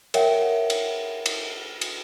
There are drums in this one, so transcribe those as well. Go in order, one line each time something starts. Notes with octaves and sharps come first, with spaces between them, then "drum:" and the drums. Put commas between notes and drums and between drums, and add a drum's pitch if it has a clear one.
A#4 C#5 E5 F#5 G5, drum: cymbal
drum: cymbal
drum: cymbal
drum: cymbal